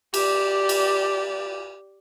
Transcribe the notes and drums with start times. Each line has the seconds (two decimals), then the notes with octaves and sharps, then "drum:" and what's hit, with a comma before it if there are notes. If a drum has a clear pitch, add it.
0.14 G4 D5, drum: cymbal
0.69 drum: cymbal